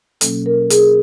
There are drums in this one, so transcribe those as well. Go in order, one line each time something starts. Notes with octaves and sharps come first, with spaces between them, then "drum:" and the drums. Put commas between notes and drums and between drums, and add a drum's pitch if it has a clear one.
B2 F#3 A#3 C#4 A4, drum: hi-hat
A#4
G#4, drum: hi-hat